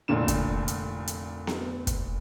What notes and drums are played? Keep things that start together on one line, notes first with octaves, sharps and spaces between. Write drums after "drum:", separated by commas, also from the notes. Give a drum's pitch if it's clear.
F1 C2 A#2 D3 E7
drum: kick, hi-hat
drum: hi-hat
drum: hi-hat
drum: snare B3
drum: kick, hi-hat